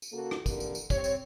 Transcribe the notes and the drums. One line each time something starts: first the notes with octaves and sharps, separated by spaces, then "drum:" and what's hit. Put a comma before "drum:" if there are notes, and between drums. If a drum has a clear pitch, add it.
drum: tambourine
C#3 A#3 F#4 A4
drum: rim click
F2 D3 E3 A#3 G4 A#4, drum: kick, tambourine
drum: tambourine
drum: tambourine
C3 G3 C4 C#5, drum: kick, tambourine
drum: tambourine